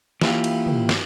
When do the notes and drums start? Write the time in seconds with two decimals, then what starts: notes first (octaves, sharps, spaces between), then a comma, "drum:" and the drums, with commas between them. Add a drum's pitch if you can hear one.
0.21 E3 A#3 E4 F4 G4 F5, drum: snare
0.44 drum: cymbal
0.67 drum: tom
0.89 drum: snare